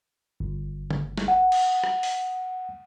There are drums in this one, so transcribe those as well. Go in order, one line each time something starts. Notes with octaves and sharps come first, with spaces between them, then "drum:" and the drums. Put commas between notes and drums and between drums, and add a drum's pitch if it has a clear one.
G1
drum: tom C#3
drum: snare
F#5
drum: cymbal
drum: rim click
drum: open hi-hat